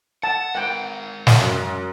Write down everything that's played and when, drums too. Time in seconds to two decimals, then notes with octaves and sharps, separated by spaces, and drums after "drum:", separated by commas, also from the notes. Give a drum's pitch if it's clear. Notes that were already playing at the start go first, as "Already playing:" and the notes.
0.23 F#5 A5
0.55 G#3 A#4 F#5 G5
1.27 drum: snare
1.41 F#2